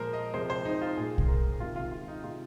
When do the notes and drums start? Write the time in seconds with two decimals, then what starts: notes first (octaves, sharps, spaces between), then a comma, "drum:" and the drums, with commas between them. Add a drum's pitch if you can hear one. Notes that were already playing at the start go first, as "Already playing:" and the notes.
Already playing: A#2 F3 G#3 A#4 C5
0.13 D#5
0.34 C3 F3 G#3 C5
0.50 C5
0.65 D#4
0.81 F4
0.97 A#2 G#3 G#4
1.18 drum: kick
1.28 A#4
1.60 C3 D#3 G#3 F4
1.76 F4
1.91 F4
2.08 D#4
2.23 C3 G#3 F4